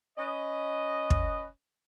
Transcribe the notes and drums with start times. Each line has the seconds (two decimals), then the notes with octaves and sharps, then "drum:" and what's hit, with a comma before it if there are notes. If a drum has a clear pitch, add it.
0.18 C#4 B4 D#5
1.10 drum: kick